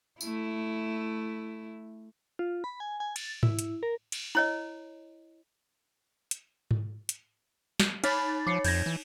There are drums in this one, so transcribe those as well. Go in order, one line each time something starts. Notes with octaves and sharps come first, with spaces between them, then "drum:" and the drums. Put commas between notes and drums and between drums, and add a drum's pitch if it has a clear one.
A3 E4, drum: tambourine
F4
B5
G#5
G#5
A6, drum: cymbal
E4, drum: tom G#2
drum: hi-hat
A#4
drum: cymbal
E4 C#5 D#5
drum: hi-hat
drum: tom G#2
drum: hi-hat
drum: snare
D#4 C#5 B5 F6 A6, drum: cymbal
F3 D6 C7 C#7
F2 G6 G#6 A#6, drum: cymbal
E3